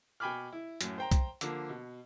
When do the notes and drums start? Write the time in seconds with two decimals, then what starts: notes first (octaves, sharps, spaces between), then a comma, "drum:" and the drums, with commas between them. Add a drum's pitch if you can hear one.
0.20 B2 G5 G#5 B5 D6 F6
0.52 E4
0.81 F#2 A2, drum: hi-hat
0.98 C5 G5 A#5
1.11 drum: kick B1, hi-hat
1.41 D3 F3 A#3, drum: hi-hat
1.70 B2